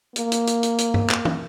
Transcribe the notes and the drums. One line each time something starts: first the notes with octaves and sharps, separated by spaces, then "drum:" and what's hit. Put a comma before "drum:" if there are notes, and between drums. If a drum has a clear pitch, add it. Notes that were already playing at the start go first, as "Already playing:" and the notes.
A#3, drum: hi-hat
drum: hi-hat
drum: hi-hat
drum: hi-hat
drum: hi-hat
drum: tom G2
drum: clap
drum: tom